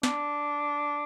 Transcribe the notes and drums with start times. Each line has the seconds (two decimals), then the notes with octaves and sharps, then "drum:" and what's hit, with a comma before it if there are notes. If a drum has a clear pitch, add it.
0.03 D4, drum: snare